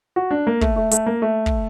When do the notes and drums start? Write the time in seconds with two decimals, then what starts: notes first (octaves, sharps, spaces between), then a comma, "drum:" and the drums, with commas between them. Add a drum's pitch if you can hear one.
0.16 F#4
0.31 D4
0.47 A#3
0.61 A3, drum: kick
0.76 A3
0.91 A3, drum: hi-hat
1.06 A#3
1.22 A3
1.46 drum: kick